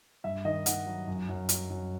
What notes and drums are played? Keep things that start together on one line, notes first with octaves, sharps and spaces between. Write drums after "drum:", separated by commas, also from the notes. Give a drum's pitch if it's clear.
G2 E5
D#3 D#5
D#3 F#5, drum: hi-hat
F#3
F#2
F#2
F#3, drum: hi-hat
F#2